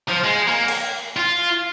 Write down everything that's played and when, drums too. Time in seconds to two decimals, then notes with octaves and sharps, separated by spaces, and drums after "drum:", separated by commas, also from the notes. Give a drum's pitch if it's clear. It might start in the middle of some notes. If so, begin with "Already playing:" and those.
0.09 F3
0.24 G#3
0.48 A#3
0.68 drum: cymbal
1.17 F4